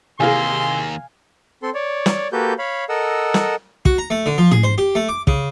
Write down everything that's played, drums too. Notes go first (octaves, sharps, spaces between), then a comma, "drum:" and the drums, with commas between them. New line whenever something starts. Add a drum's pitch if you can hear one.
D#2 C3 E3 A#3 G#4 F5 G#5 C6
C4 A4 C6
C#5 D5
drum: snare
A#3 F#4 G4 A4 B4 G6
C#5 F5 B5
A4 A#4 D#5 F#5 E6
drum: snare
F#4, drum: kick
A#5
A3
D3
F3
G#4, drum: tom
C5
G4
A3
D6
C#3, drum: kick